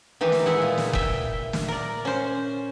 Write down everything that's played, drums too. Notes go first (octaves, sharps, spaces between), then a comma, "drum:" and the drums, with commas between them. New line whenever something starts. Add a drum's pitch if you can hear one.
D#3 E3 G4
drum: snare
G#3 E4 F#5
A#2
drum: snare
E5 G5, drum: kick F#1
drum: snare
A#4 D5
C#4 C5